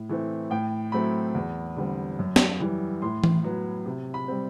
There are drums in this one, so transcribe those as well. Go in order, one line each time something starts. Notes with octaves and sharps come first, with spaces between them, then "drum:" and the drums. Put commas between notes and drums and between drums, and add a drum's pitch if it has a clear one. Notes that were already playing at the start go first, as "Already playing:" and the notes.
Already playing: A2
E3 A3 C4
A2 G5
F#3 A3 C4 B5
E2
D3 G3 C4
F#2
drum: snare
E3 G3
A2 C6
drum: tom E3
F#3 B3
C3
B5
G3 C4